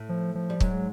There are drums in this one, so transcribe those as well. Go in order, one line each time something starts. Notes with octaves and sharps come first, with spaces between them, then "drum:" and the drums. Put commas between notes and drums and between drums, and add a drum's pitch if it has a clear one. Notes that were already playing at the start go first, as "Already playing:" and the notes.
Already playing: A2 A3
F3
F3
G3
G#2 F#3 G#3, drum: kick